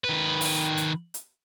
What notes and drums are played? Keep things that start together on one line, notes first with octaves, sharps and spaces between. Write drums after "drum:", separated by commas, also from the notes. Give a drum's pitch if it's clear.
D#3 B4
drum: open hi-hat
drum: hi-hat
drum: hi-hat